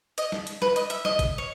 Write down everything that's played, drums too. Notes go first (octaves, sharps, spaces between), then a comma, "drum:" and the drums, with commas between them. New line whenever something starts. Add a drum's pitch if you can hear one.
D#5, drum: hi-hat
drum: snare
drum: hi-hat
B4, drum: snare
D#5, drum: hi-hat
E5, drum: hi-hat
D#5, drum: snare
drum: kick, hi-hat
C#5